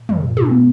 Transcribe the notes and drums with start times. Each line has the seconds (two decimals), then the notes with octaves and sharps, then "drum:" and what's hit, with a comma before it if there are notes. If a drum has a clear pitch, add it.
0.09 F#2, drum: tom
0.22 F#2
0.37 B2, drum: tom
0.51 B3